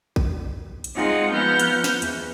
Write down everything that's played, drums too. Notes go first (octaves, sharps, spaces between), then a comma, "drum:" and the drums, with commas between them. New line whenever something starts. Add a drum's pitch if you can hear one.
drum: kick A1
drum: hi-hat
G#3 C4 D#4 F4 G#4 F#5
F3 B3 F#5 F6 G6
drum: hi-hat
drum: snare
E2, drum: hi-hat